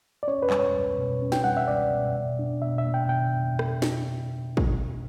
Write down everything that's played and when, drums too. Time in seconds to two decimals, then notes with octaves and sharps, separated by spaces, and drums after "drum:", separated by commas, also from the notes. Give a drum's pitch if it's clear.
0.23 D5
0.27 C#4 C#5
0.42 B4
0.50 G3, drum: clap
0.59 C#5
0.74 C#2
0.98 B2
1.22 C#4
1.32 G5, drum: snare
1.44 G3 F#5
1.57 E5
1.68 C#2 D5
1.91 B2
2.15 B2
2.39 D4
2.62 B2 E5
2.78 E5
2.85 A#3
2.94 G5
3.08 B2 G5
3.59 drum: rim click
3.82 drum: snare
4.57 drum: kick